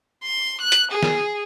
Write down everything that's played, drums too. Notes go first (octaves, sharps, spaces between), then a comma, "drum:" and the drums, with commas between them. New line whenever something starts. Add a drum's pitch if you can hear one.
C6
F#6
drum: hi-hat
G#4
drum: snare